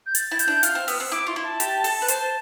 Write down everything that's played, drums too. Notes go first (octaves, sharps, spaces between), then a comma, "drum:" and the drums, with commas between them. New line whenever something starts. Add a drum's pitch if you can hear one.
G6
A6, drum: hi-hat
E4
G6, drum: hi-hat
D4
F4 F6, drum: hi-hat
C4
B3 E6, drum: open hi-hat
C4
E4 D6
F4 C6
E4
A5
G4, drum: hi-hat
A4, drum: open hi-hat
B4
C5 A5, drum: hi-hat